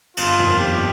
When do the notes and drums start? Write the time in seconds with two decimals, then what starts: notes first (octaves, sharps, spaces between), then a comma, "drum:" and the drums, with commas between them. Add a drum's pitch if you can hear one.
0.17 G1 F4, drum: cymbal
0.38 F2 D#3 G3 A#3
0.59 G1 G4